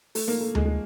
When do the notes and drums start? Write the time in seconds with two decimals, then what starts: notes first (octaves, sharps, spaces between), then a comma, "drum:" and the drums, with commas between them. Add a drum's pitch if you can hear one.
0.15 A3, drum: open hi-hat
0.28 A#3
0.41 A3
0.55 G#3, drum: tom D2
0.65 G#3